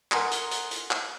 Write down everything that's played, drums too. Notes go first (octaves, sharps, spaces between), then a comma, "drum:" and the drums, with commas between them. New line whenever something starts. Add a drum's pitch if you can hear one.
A#4 F#5 G#5 A#5 C6 D#6, drum: clap
drum: hi-hat
drum: hi-hat
drum: hi-hat
drum: clap